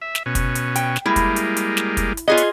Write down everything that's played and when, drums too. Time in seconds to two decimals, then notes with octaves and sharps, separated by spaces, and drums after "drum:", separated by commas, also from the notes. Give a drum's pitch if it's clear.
0.02 E5
0.15 drum: snare
0.26 B2 C#4
0.35 drum: kick, hi-hat
0.55 drum: hi-hat
0.76 G5, drum: hi-hat
0.96 drum: snare
1.06 G3 G#3 A#3 E4
1.16 drum: kick, hi-hat
1.36 drum: hi-hat
1.57 drum: hi-hat
1.77 drum: snare
1.97 drum: kick, hi-hat
2.17 drum: hi-hat
2.28 B3 F4 G#4 C#5 D#5
2.37 drum: hi-hat